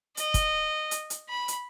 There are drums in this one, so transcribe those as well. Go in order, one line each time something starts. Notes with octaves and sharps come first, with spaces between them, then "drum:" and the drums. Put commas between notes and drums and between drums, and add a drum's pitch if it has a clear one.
D#5, drum: hi-hat
drum: kick, hi-hat
drum: hi-hat
drum: hi-hat
B5
drum: hi-hat